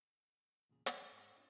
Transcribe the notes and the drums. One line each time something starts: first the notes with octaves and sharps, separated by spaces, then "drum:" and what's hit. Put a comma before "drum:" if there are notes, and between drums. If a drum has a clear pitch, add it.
E2 A#2 C#3 G#4
F2 F#3 G3 A3, drum: hi-hat
G#2
C4 D4 F4 C#5 D#5 F5